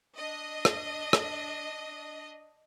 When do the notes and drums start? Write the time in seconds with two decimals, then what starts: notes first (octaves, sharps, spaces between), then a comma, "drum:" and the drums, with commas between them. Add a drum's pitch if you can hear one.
0.17 D4 D#5
0.65 drum: rim click
1.13 drum: rim click